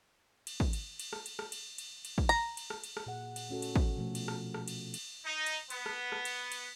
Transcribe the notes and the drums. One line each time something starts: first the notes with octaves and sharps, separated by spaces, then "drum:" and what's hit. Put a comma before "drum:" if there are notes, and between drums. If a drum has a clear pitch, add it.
drum: cymbal
drum: kick
drum: cymbal
drum: cymbal
drum: rim click
drum: cymbal
drum: rim click
drum: cymbal
drum: cymbal
drum: cymbal
drum: kick
A#5, drum: cymbal
drum: cymbal
drum: rim click
drum: cymbal
drum: rim click
A#2 G#4 F#5
drum: cymbal
A3 C#4 F#4 A4
drum: cymbal
drum: kick
B2 F3 A3
drum: cymbal
drum: rim click
drum: rim click
drum: cymbal
drum: cymbal
D#4
drum: cymbal
B3, drum: cymbal
drum: rim click
drum: rim click
drum: cymbal
drum: cymbal